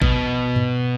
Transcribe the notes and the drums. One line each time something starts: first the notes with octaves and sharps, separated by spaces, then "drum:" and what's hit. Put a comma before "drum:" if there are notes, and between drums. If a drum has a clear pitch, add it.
B2, drum: kick G#1
drum: tom G2